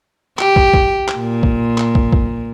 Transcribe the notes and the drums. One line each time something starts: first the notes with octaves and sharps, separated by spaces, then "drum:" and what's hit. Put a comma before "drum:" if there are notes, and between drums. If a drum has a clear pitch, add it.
G4, drum: clap
drum: kick
drum: kick
drum: clap
A#2
drum: kick
drum: clap
drum: kick
drum: kick